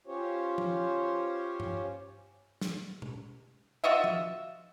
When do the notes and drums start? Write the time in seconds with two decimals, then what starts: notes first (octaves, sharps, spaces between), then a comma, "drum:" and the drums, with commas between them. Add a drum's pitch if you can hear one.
0.07 C#4 F4 G4 C5 C#5
0.58 drum: tom F3
1.60 drum: tom G2
2.61 drum: snare
3.02 drum: tom B2
3.84 F4 F#4 D#5 E5
4.04 drum: tom F3